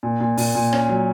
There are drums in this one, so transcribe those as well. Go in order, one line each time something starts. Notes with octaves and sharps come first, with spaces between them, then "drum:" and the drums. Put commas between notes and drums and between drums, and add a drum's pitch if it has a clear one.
A#2
A#2
A#2, drum: open hi-hat
A#2
C#4, drum: rim click
F#3